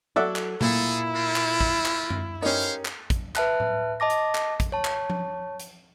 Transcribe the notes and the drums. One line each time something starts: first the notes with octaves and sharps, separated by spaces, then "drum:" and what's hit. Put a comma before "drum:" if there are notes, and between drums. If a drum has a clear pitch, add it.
F#3 F#4 A4 D5 E5 F#5
drum: clap
A#2 E4 G#4 A4, drum: tom A#2
A3 A#3 F4
drum: clap
drum: kick
drum: clap
drum: tom F#2
C#4 D#4 G4 A#4 C5 C#5 F5
drum: hi-hat
drum: clap
drum: kick, hi-hat
B4 E5 A5 F#6, drum: clap
drum: tom A2
D#5 A5 D6 A#6
drum: hi-hat
drum: clap
drum: kick, hi-hat
C#5 A5
drum: clap
drum: tom F3
drum: hi-hat